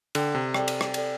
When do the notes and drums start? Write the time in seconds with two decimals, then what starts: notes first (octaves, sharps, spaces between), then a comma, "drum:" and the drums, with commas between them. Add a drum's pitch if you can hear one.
0.15 D3 A4 D5 G5, drum: cymbal
0.35 C3
0.54 A4 D5 G5, drum: rim click
0.68 drum: cymbal
0.81 drum: rim click
0.94 A4 D5 G5, drum: cymbal